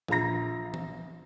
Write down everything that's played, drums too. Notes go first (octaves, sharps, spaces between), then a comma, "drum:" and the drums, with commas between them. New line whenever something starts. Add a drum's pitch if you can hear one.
A#1 F3 A#5 A#6, drum: tom E3
drum: tom E3